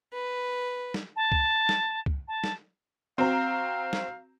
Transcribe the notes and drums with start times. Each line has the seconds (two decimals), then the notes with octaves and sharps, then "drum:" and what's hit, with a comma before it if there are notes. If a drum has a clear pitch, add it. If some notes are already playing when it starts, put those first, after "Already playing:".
0.13 B4
0.94 drum: snare
1.16 A5
1.32 drum: kick
1.69 drum: snare
2.06 drum: kick
2.28 A5
2.44 drum: snare
3.18 C4 F#4 F5 A#5
3.93 drum: snare